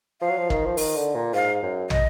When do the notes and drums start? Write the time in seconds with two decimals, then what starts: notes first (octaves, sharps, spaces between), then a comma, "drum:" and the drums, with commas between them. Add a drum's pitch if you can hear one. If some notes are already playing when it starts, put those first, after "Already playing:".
0.21 F3 F5
0.29 F#3
0.38 F3
0.50 D#3, drum: kick
0.66 F3
0.77 D#3, drum: open hi-hat
0.96 D3
1.15 A#2
1.34 G#2 F5
1.63 F#2
1.90 D#5, drum: tom